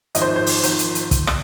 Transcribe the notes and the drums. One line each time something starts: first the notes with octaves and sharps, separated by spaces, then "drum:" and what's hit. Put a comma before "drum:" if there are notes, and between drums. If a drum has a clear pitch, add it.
G#1 G#2 F3 D#5, drum: hi-hat
C5
C5
drum: open hi-hat
G#1 F3 C5, drum: hi-hat
drum: hi-hat
drum: hi-hat
drum: kick, hi-hat
drum: rim click